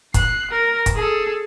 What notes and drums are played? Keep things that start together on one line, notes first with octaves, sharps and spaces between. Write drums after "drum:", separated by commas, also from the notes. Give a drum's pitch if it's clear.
F#6 C7, drum: kick, hi-hat
A#4
drum: kick, hi-hat
G#4 A4